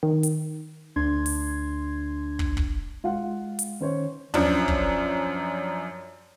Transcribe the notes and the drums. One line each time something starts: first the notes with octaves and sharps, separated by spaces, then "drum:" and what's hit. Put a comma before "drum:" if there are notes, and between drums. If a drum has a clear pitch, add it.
D#3
drum: hi-hat
D2 D4 C6 G#6
drum: open hi-hat
drum: kick
drum: kick
G#3 F4 F5 F#5
drum: hi-hat
D#3 C#4 C5 C#5
F#2 F3 D4, drum: tom
drum: kick